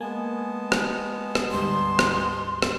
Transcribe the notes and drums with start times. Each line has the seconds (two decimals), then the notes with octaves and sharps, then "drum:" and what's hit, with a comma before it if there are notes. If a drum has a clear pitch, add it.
0.01 G#3 A#3 B3 G#5 A5
0.72 drum: rim click
1.35 drum: rim click
1.51 D2 G#2 G3 C6
1.99 drum: rim click
2.62 drum: rim click